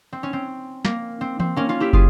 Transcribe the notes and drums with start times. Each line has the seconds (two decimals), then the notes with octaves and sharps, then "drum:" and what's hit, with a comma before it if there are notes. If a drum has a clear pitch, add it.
0.12 C4
0.23 C#4
0.33 C4
0.85 A#3, drum: snare
1.21 C4
1.40 C4, drum: tom E3
1.56 A#3 C#4
1.69 C#4 F4
1.80 E4 G4
1.93 F4 G#4, drum: kick